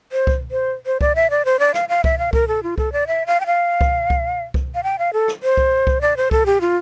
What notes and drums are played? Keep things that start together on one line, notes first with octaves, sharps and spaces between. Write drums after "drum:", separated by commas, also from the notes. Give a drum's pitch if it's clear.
C5
drum: kick C2
C5
C5
D5, drum: kick C2
E5
D5
C5
D5
F5, drum: rim click
F5
E5, drum: kick C2
F5
A#4, drum: kick C2
A4
F4
A4, drum: kick C2
D5
E5
F5
G5
F5
drum: kick C2
drum: kick C2
drum: kick C2
F5
G5
F5
A4
drum: rim click
C5
drum: kick C2
drum: kick C2
D5
C5
A4, drum: kick C2
G4
F4